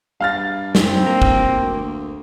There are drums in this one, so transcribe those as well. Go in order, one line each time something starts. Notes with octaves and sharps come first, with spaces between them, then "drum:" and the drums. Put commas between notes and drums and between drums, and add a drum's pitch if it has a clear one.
G2 F5 F6 A6
F#2 C4, drum: snare
A#3 A#4
drum: kick
D2